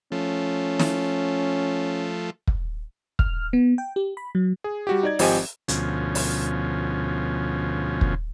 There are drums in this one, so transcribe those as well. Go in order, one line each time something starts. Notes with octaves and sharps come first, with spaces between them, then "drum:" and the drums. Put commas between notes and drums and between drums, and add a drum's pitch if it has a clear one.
F3 A3 C#4
drum: snare
drum: kick
F6, drum: kick
B3
G5
G4
B5
F#3
G#4
G3 F#4 G4
D#4 D5 G#6
G#1 F3 C4 G4 D#5 G#5, drum: open hi-hat
D2 B2 F3 C#4, drum: hi-hat
drum: open hi-hat
drum: kick